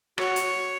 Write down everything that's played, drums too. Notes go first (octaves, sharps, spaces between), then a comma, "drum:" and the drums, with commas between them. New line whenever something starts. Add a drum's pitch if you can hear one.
F#4 C#5, drum: rim click
drum: hi-hat